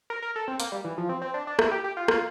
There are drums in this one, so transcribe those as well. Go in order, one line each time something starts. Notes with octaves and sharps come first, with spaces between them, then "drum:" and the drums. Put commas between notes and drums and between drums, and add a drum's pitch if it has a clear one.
A#4
A#4
A4
C4
A#3, drum: hi-hat
G3
E3
F3
C4
C4
D4
D4
E4, drum: rim click
G4
G4
F4
F4, drum: rim click